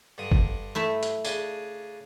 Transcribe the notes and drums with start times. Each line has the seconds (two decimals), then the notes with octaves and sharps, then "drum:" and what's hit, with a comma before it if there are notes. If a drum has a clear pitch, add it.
0.18 G2 D3 D#6
0.32 drum: kick G1
0.75 A3 E4 E5
1.03 drum: hi-hat
1.25 C#3 D4 G#5, drum: tambourine